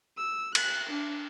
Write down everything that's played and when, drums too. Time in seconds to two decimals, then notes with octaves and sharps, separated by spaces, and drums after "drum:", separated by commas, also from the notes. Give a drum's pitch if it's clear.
0.18 E6
0.55 F#6, drum: cymbal
0.89 D4